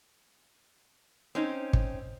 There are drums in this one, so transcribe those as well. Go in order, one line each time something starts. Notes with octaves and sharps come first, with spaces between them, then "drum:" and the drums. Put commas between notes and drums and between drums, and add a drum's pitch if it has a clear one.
C4 C#4 D#4
drum: kick